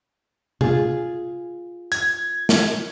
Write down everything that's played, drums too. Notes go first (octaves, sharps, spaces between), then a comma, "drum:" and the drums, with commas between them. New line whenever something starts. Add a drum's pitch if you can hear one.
F4 G#4, drum: tom C3
G#6, drum: hi-hat
drum: snare